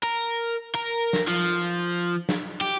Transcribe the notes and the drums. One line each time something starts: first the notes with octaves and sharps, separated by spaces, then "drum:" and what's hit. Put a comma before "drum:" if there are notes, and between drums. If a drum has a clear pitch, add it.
A#4
A#4, drum: tambourine
drum: snare
F3
drum: snare
G4